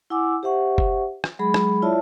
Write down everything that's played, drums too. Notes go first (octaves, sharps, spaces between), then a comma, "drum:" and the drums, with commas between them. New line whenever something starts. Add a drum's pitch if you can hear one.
E4 F#5 G#5 D6 E6
G4 C5 E5 F#5 C#6
drum: kick F#1
drum: rim click
F#3 G#3 G#4 B5
drum: rim click
E4 F4 C#5 D5 E5 A5